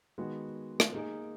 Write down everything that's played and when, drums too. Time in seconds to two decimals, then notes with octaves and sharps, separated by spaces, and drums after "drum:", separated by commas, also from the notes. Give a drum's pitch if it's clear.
0.18 D#3 G#3 B3 F#4
0.80 drum: rim click
0.92 A#3 D#4 G#4